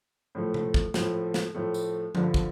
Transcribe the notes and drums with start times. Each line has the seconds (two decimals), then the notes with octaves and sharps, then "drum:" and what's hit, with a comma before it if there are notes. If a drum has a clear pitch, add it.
0.35 A2 F3 A3
0.54 drum: tom C3
0.74 drum: kick
0.94 A2 F3 A3, drum: snare
1.34 drum: snare
1.54 A2 F3 A3
1.74 drum: tambourine
2.15 G2 D3 F3, drum: tom F3
2.34 drum: kick